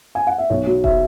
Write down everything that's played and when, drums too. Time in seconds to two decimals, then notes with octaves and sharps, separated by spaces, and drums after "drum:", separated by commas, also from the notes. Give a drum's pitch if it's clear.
0.15 G#5
0.27 F#5
0.38 E5
0.50 B1 C#5
0.67 F#3
0.84 E5, drum: kick E1